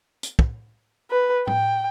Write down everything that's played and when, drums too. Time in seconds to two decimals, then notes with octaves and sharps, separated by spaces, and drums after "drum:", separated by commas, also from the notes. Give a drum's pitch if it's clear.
0.23 drum: hi-hat
0.39 drum: kick
1.10 B4
1.47 G5, drum: tom A2